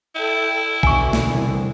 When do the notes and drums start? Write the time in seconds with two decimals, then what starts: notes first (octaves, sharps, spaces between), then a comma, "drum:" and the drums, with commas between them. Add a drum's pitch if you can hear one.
0.16 E4 A4 G5
0.83 E2 B2 D3 G#5 C#6, drum: kick
1.13 drum: snare
1.34 C2